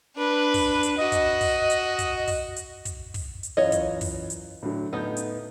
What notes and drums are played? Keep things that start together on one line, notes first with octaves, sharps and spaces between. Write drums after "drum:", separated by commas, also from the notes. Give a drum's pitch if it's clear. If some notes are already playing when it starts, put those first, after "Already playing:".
D4 B4
drum: kick, open hi-hat
drum: hi-hat
F#4 D#5
drum: kick, hi-hat
drum: kick, open hi-hat
drum: hi-hat
drum: kick, hi-hat
drum: kick, open hi-hat
drum: hi-hat
drum: kick, hi-hat
drum: kick, open hi-hat
drum: hi-hat
F#2 E3 F4 C#5 D#5
drum: kick, hi-hat
drum: kick, open hi-hat
drum: hi-hat
A2 D3 F#3
A2 B3 D#4 G6
drum: hi-hat